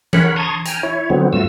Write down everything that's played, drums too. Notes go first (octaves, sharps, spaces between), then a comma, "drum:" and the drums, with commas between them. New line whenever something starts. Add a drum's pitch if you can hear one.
A#4 C#5 F#5 B5, drum: tom E3
A5 A#5 C6 C#6 D#6 G#6
G5 G#5 A#5 F6, drum: hi-hat
E4 C#5
D3 F#3 B3 C4
G2 A3 F4 F#4 E6